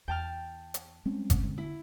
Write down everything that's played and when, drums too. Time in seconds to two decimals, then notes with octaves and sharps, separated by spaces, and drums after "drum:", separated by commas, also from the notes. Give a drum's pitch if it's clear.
0.08 E2 G5 A5 F6
0.74 drum: hi-hat
1.06 G3 G#3 C4 C#4
1.30 drum: kick G1, hi-hat
1.40 D3 B3
1.58 E4